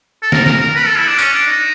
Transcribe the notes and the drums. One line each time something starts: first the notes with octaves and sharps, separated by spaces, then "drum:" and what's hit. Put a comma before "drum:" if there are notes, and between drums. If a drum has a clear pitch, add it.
A4
A#4, drum: snare
A#4, drum: snare
A#4
B4
A4
E4
D4
C#4, drum: tambourine
D4
D#4